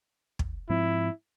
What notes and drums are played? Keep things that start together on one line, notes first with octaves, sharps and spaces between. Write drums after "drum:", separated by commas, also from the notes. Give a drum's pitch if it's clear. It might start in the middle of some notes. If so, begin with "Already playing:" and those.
drum: kick
G#2 F3 C4 E4